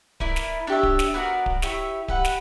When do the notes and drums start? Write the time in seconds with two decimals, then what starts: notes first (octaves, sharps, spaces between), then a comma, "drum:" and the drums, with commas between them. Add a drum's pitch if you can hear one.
0.20 B3 E4 A#4 D5, drum: kick D1
0.36 drum: snare
0.67 D4 G4 C#5 E5
0.83 drum: kick D1
0.99 drum: snare
1.14 B3 F#4 A#4 D5
1.46 drum: kick D1
1.62 E4 G4 C#5 E5, drum: snare
2.08 G4 B4 F#5, drum: kick D1
2.25 drum: snare